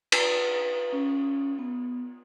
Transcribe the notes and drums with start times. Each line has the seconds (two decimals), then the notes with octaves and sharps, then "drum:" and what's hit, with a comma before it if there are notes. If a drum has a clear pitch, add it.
0.12 B4, drum: cymbal
0.93 C#4
1.59 B3